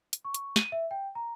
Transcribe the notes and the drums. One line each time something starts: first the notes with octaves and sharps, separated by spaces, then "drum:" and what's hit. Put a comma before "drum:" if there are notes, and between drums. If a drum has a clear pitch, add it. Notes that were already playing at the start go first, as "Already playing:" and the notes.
drum: hi-hat
C#6
drum: hi-hat
D#7, drum: snare
E5
G5
A#5